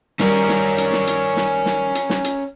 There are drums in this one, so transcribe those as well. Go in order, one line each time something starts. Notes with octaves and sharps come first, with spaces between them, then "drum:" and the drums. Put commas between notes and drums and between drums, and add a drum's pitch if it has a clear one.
D#3 G3 C#4 A#4, drum: snare
drum: snare
drum: hi-hat
drum: snare
drum: hi-hat
drum: snare
drum: snare
drum: hi-hat
drum: snare
drum: hi-hat